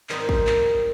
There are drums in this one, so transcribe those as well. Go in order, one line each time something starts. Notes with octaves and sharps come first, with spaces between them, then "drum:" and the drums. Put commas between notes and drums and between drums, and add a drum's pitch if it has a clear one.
G#2 D#3 G3 C4 D#4, drum: clap
drum: kick
drum: clap